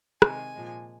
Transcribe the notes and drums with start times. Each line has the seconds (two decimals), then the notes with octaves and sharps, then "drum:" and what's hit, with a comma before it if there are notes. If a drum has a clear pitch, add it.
0.22 C3 D#3 G#3 G#5, drum: rim click
0.55 A#2 F3 G#3